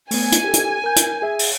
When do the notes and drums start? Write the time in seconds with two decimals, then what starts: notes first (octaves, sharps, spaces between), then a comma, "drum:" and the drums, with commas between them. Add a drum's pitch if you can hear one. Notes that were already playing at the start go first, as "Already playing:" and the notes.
0.11 A3 B3 G#5, drum: open hi-hat
0.32 drum: hi-hat
0.44 G4 A4
0.54 drum: hi-hat
0.84 A#4 G6
0.96 drum: hi-hat
1.22 G#4 E5
1.39 drum: open hi-hat